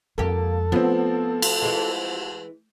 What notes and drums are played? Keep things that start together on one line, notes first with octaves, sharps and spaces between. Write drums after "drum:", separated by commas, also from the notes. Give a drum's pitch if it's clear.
F2 G#3 A#3 G4 A4
F3 A3 B3 C4
drum: cymbal
E3 G#3